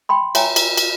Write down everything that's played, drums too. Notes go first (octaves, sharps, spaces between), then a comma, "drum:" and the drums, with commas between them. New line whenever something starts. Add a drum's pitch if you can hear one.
G5 B5 C6
C#5 E5 G5 G#5 A#5, drum: cymbal
drum: cymbal
drum: cymbal